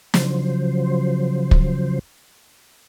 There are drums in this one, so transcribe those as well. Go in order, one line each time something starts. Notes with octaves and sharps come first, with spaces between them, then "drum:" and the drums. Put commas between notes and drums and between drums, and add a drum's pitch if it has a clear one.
C#3 F3 F#3 C5, drum: snare
drum: kick